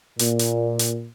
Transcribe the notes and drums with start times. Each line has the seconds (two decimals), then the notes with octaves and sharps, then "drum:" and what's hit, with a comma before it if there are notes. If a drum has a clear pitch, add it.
0.19 A#2, drum: hi-hat
0.39 drum: hi-hat
0.79 drum: hi-hat